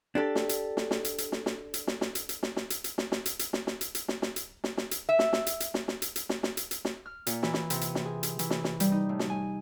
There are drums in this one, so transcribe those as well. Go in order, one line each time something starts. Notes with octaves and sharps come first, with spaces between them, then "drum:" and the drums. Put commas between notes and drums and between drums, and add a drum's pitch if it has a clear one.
D4 G4 A4
drum: snare
drum: hi-hat
drum: snare
drum: snare
drum: hi-hat
drum: hi-hat
drum: snare
drum: snare
drum: hi-hat
drum: snare
drum: snare
drum: hi-hat
drum: hi-hat
drum: snare
drum: snare
drum: hi-hat
drum: hi-hat
drum: snare
drum: snare
drum: hi-hat
drum: hi-hat
drum: snare
drum: snare
drum: hi-hat
drum: hi-hat
drum: snare
drum: snare
drum: hi-hat
drum: snare
drum: snare
drum: hi-hat
E5
drum: snare
drum: snare
drum: hi-hat
drum: hi-hat
drum: snare
drum: snare
drum: hi-hat
drum: hi-hat
drum: snare
drum: snare
drum: hi-hat
drum: hi-hat
drum: snare
F6
A#2, drum: hi-hat
E3, drum: snare
drum: snare
C3, drum: hi-hat
drum: hi-hat
drum: snare
G#4
drum: hi-hat
E3, drum: hi-hat
drum: snare
drum: snare
G3, drum: hi-hat
D#4
A2
drum: snare
G#5